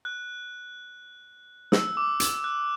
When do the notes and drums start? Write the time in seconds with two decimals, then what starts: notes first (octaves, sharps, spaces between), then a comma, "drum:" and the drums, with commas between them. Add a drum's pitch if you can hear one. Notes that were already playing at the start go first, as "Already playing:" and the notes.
0.05 F#6
1.72 E6, drum: snare
1.97 D6
2.20 E6, drum: hi-hat
2.44 F#6